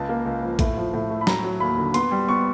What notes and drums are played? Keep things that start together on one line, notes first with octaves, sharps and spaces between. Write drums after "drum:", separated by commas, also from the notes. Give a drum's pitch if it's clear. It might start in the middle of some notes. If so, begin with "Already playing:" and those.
Already playing: C#2 A5
A#3
C#2
F3
A2, drum: kick A1, hi-hat
F3
A2
A3
B5
F#3 A#5, drum: snare
F#3
D#2 B5
D3
B3 C6, drum: hi-hat
G3
B3 C#6